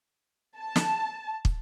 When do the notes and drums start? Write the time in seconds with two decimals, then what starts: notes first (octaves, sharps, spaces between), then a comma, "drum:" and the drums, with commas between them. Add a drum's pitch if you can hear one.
0.58 A5
0.76 drum: snare
1.45 drum: kick